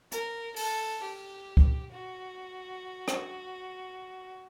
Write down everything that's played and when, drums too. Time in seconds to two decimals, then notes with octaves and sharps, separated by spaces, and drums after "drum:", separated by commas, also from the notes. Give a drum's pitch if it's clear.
0.12 A#4, drum: hi-hat
0.56 A4, drum: open hi-hat
1.03 G4
1.57 drum: kick
1.92 F#4
3.08 drum: rim click